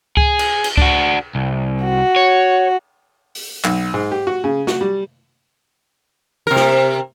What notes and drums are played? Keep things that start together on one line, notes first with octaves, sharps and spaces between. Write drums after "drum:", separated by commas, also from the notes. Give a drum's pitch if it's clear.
G#4, drum: kick C#2
drum: cymbal
drum: cymbal
D4 F#4, drum: kick C#2
C2
F#4
C#5
drum: open hi-hat
B1, drum: clap
G#2
G4
F#4
C#3
F#4, drum: snare
G3
C3 A#4
drum: snare